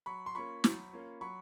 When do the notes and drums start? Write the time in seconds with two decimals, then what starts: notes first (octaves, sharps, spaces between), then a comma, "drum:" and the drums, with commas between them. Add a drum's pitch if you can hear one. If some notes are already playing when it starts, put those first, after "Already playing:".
0.06 F#3 B5 C#6
0.26 C6
0.35 A#3 C#4 F4 B5 C#6
0.64 F#3, drum: snare
0.93 A#3 C#4 F4
1.21 F#3 B5 C#6